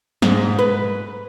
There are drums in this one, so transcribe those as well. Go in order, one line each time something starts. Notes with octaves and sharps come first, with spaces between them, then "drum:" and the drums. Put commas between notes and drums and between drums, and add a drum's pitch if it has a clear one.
G#2, drum: snare
B4